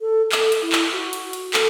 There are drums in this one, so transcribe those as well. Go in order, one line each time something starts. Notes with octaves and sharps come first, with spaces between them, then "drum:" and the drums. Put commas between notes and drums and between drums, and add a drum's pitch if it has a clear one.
A4
A4, drum: clap
drum: hi-hat
E4
drum: clap
F#4
drum: hi-hat
drum: hi-hat
A4, drum: clap